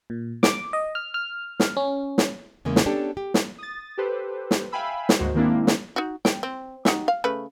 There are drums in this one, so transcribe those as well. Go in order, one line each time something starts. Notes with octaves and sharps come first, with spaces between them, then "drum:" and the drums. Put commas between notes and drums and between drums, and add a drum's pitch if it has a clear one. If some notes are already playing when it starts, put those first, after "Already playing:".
A#2
D6, drum: snare
D#5
F6
F6
drum: snare
C#4
drum: snare
E2 C#3 G#3 A#3
drum: snare
B3 C#4 D4 G4 A4
G4
drum: snare
D#6 A6
G4 A4 B4 C5
drum: snare
E5 F5 G5 G#5 B5 E6
drum: snare
D2 G#2 G#3 A#3 F#4 C5
D#3 G#3 A#3 C4 D4 E4
drum: snare
D#4 F#4
G5, drum: snare
C4
D#4 F#4 G4, drum: snare
F5
C#3 A3 B4